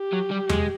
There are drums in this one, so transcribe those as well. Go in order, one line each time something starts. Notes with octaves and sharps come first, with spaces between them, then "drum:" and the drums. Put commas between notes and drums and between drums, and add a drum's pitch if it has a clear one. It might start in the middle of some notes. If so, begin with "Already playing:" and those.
Already playing: G4
F#3
G3
G#3, drum: tom E2